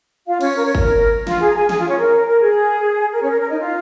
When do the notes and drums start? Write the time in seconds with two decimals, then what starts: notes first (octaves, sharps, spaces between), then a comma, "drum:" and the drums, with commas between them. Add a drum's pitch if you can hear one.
0.27 F4 F5
0.41 C#4 C#5, drum: cymbal
0.56 A#4
0.65 C#5
0.75 A#4, drum: kick
1.27 F4 F5, drum: snare
1.41 G#4 G#5
1.50 A#5
1.55 G#4 G#5
1.69 G#4 G#5, drum: snare
1.79 F4 F5
1.88 C#4 C#5
1.98 A#4
2.26 A#4
2.41 G#4
3.12 A#4
3.21 C#4 C#5
3.30 A#4
3.40 A#4
3.50 D#4 D#5
3.59 F4 F5